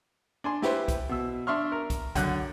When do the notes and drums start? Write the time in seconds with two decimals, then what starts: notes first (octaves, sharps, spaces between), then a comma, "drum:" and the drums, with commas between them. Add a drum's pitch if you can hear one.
0.44 D4 G#5 C6
0.62 E4 G4 B4 C5, drum: snare
0.88 drum: kick B1, hi-hat
1.09 B2 E6
1.47 D4 E5 C6 C#6 F6
1.72 A#4
1.90 drum: kick B1, hi-hat
2.15 F#2 D3 F#6, drum: kick B1, hi-hat